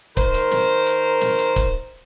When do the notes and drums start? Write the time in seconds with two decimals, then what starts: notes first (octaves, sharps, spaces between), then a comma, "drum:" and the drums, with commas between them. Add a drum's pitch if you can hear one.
0.17 D#3 A#4 C5, drum: kick C#1, hi-hat
0.34 drum: hi-hat
0.52 drum: snare
0.86 drum: hi-hat
1.21 drum: snare
1.39 drum: hi-hat
1.56 drum: kick C#1, hi-hat